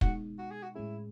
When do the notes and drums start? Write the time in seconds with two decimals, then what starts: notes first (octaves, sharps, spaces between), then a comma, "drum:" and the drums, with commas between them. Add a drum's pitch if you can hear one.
0.01 B2 G#3 D#4 F#4, drum: kick
0.38 F#4
0.51 G#4
0.63 F#4
0.75 A2 G#3 C#4 E4 G#4